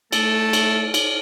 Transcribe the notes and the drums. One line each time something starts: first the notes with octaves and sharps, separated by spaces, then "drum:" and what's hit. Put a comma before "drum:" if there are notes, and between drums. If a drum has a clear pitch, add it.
A3 A4, drum: cymbal
drum: cymbal
drum: cymbal